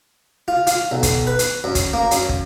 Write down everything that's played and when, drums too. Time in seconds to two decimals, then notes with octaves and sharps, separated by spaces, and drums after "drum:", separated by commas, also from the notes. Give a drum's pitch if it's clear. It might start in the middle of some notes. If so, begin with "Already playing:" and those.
0.48 F4
0.67 F4, drum: hi-hat
0.91 B1
1.03 drum: kick, hi-hat
1.27 B4
1.39 drum: hi-hat
1.64 F#2
1.75 drum: kick, hi-hat
1.93 A#3
2.11 F#2, drum: hi-hat
2.29 drum: kick